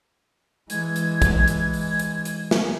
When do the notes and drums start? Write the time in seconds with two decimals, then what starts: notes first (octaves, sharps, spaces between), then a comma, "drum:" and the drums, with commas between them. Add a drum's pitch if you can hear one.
0.70 E3 G#3 G#6, drum: hi-hat
0.96 drum: hi-hat
1.22 drum: kick, hi-hat
1.48 drum: hi-hat
1.74 drum: open hi-hat
1.99 drum: hi-hat
2.25 drum: hi-hat
2.51 drum: snare